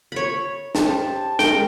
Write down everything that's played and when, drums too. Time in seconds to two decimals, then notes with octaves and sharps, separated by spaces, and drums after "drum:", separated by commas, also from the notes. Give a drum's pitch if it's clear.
0.12 C#5 B5
0.75 G4 C5 A5, drum: snare
1.39 G#3 A#4 G5, drum: snare